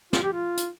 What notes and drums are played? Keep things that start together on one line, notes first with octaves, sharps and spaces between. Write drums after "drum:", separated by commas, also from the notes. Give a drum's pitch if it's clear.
F4, drum: snare
G4
F4
drum: hi-hat